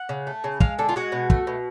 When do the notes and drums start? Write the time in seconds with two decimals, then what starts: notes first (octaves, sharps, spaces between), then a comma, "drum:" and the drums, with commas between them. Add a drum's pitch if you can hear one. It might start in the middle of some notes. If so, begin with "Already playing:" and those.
Already playing: F#5
0.09 C#3
0.27 A3
0.44 C#3
0.60 G#3 F5, drum: kick
0.79 D3 A4
0.89 F4
0.96 G#3 F#4
1.12 B2
1.30 A3, drum: kick
1.47 B2